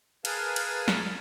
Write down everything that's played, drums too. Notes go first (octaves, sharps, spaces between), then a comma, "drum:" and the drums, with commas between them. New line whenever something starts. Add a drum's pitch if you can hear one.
G#4 A#4 B4 F5 G#5 A5, drum: cymbal
drum: cymbal
drum: snare